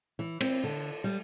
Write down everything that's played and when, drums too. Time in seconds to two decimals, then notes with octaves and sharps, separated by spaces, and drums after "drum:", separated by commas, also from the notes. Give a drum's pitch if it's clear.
0.19 E3
0.40 C4, drum: cymbal
0.64 D3
1.04 G3